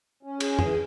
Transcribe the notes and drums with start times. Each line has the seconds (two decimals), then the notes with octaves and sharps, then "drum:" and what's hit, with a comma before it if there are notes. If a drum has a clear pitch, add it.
0.23 C#4
0.40 G#4, drum: cymbal
0.59 E3, drum: tom F2